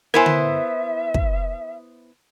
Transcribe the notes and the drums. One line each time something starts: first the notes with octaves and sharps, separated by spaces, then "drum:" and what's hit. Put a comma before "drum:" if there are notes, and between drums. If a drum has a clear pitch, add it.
B3 E4 A#4 C5 E5 G#5
drum: tom D3
drum: kick